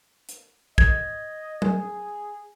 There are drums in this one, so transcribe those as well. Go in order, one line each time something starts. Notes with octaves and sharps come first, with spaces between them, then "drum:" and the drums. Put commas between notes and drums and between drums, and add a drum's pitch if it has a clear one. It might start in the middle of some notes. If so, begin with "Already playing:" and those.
drum: hi-hat
D#5 G#6, drum: kick
G#4, drum: tom